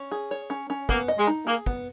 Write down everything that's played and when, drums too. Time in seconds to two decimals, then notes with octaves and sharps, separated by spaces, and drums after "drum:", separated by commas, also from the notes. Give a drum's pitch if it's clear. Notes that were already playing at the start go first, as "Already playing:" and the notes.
Already playing: C#4
0.11 G#4
0.31 C#5
0.50 C#4
0.70 C#4
0.89 A#3 B3, drum: kick
1.08 D#5
1.18 G#3
1.27 D#4
1.46 A#3 G#4
1.66 B3, drum: kick